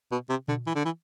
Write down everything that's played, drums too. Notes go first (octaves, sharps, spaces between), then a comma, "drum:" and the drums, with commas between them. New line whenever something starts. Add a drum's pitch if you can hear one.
B2
C3
D3, drum: tom A#2
E3
D3
E3